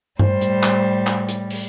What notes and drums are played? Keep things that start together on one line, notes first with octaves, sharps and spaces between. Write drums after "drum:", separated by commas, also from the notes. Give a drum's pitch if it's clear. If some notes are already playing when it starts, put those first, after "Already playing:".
G3 C5, drum: tom G2
A2
drum: hi-hat
drum: clap
drum: clap
drum: hi-hat
drum: open hi-hat